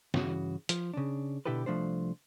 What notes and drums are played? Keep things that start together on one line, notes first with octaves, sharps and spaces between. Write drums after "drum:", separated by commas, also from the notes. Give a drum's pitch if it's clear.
G2 C#3 E3 F#4, drum: snare
F3, drum: hi-hat
C#3 D4
B2 D3 E4 G4 A4 B4
C2 F3 A3 D4 C5